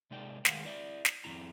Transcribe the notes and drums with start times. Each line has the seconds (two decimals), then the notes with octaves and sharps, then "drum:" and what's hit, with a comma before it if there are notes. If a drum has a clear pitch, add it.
0.11 C3 G#3 D#4 D5 G5
0.45 D#3 G#3 A3 B4 F5 F#5, drum: snare
0.64 E4 D5 E5
1.05 drum: snare
1.24 F2 C#3 C4 E4 A#5